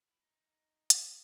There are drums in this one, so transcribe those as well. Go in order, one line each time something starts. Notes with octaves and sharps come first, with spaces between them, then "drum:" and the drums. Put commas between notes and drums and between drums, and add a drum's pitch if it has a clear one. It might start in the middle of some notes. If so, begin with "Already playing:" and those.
E4
D#4
drum: hi-hat